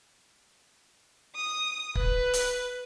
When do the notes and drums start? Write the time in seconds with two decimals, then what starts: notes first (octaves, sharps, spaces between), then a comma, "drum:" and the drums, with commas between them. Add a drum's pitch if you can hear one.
1.36 D#6
1.95 B4, drum: kick
2.34 drum: hi-hat